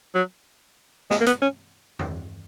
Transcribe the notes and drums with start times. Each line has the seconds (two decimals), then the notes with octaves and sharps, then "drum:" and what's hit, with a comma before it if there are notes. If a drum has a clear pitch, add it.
0.15 F#3
1.10 G#3, drum: snare
1.21 A#3
1.26 B3, drum: hi-hat
1.42 C#4
1.99 drum: tom E2